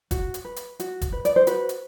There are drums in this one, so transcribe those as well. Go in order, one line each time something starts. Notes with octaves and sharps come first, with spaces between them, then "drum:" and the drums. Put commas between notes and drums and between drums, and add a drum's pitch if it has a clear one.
F#4, drum: kick, hi-hat
drum: hi-hat
B4
drum: hi-hat
F#4, drum: hi-hat
drum: kick, hi-hat
B4
D5, drum: hi-hat
C5
F#4 B4, drum: hi-hat
drum: hi-hat